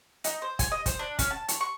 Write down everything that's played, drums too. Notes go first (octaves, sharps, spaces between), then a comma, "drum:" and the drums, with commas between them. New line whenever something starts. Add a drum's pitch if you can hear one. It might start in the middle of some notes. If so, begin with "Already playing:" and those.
D#4, drum: hi-hat
C5
G#5, drum: kick, hi-hat
D#5
C5, drum: kick, hi-hat
D4
C#4, drum: kick, hi-hat
A5
C#6, drum: hi-hat
C#6